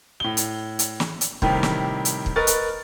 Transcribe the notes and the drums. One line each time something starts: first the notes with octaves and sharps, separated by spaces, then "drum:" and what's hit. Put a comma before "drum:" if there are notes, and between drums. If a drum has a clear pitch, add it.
A2 G7
drum: hi-hat
drum: hi-hat
drum: snare
drum: hi-hat
A2 C3 D#3 G3, drum: kick
drum: snare
drum: hi-hat
drum: kick
A#4 B4 D#5 C#6 A6
drum: hi-hat